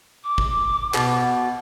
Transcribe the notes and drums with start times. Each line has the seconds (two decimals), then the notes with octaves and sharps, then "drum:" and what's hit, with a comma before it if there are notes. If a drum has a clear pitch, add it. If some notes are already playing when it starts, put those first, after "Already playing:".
0.24 D6
0.38 drum: kick
0.94 B2 F#5, drum: clap